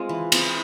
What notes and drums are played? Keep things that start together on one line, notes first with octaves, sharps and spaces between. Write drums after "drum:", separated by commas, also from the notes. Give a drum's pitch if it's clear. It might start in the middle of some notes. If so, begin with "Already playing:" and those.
Already playing: G#3 C4 F4
E3
C4 E4, drum: cymbal